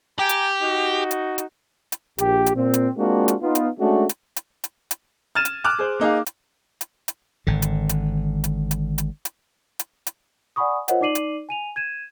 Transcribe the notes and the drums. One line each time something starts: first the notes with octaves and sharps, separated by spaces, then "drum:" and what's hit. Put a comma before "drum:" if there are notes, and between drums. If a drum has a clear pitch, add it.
G4 G5 G#5 A#5
drum: hi-hat
D#4 F#4
drum: hi-hat
drum: hi-hat
drum: hi-hat
A#1 G4, drum: hi-hat
drum: hi-hat
A#2 C4
drum: hi-hat
G#3 A#3 C4 D4 F4 F#4
drum: hi-hat
B3 D#4 F4
drum: hi-hat
G#3 A3 C#4 D4 F#4
drum: hi-hat
drum: hi-hat
drum: hi-hat
drum: hi-hat
F6 G#6 A6 D#7 E7
drum: hi-hat
D6 F6 F#6
G#4 C5
A#3 D#4 G#4 F5
drum: hi-hat
drum: hi-hat
drum: hi-hat
G#1 D3
drum: hi-hat
drum: hi-hat
drum: hi-hat
drum: hi-hat
drum: hi-hat
drum: hi-hat
drum: hi-hat
drum: hi-hat
D5 F#5 G#5 B5 C#6 D#6
F4 A#4 C5 C#5 D#5 F#5, drum: hi-hat
D#4 D5 D6 C7 D#7 F#7
drum: hi-hat
G#5 D#7 F7
G#6 D#7 E7